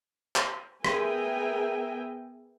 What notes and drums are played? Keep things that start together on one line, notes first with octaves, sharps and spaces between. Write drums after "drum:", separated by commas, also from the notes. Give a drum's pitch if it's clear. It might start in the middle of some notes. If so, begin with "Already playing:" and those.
drum: clap
B3 G#4 A#4 E5 G5 G#5, drum: rim click